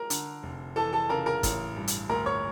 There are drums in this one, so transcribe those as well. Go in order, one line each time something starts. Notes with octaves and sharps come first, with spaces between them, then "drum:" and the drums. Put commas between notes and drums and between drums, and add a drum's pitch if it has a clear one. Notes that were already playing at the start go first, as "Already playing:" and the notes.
Already playing: A#4 A#5
D3, drum: hi-hat
F1
E3 A4 A5
A4 A5
C#3 A#4 A#5
A#4 A#5
A1, drum: kick, hi-hat
G2
drum: hi-hat
D2 A#4 A#5
C#5 C#6